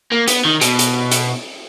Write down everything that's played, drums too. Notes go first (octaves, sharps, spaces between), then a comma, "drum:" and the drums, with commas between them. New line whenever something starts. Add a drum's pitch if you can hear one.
A#3
B3, drum: hi-hat
D#3
B2, drum: hi-hat
drum: hi-hat
drum: hi-hat